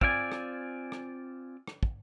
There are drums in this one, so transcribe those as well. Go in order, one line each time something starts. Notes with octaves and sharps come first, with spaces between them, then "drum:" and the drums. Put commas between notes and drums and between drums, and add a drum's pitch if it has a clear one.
C4 F4 D5 G#5, drum: kick
drum: rim click
drum: rim click
drum: rim click
drum: kick